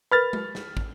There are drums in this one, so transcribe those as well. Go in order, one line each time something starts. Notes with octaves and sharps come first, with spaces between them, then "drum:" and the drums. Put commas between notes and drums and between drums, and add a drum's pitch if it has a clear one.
A#4 B4 B5 F6 A6
drum: tom G#3
drum: snare
drum: kick